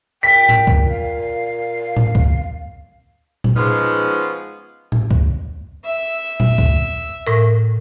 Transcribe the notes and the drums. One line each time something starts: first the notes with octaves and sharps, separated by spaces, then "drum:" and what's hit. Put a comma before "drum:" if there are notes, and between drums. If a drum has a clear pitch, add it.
A#2 G5 B6
drum: tom A2
drum: kick C#2
F5
drum: tom A2
drum: kick C#2
drum: tom A#2
F3 G#3 B3 C#4 D#4 F4
drum: tom A2
drum: kick C#2
E5
drum: tom A#2
drum: kick C#2
A2 A#4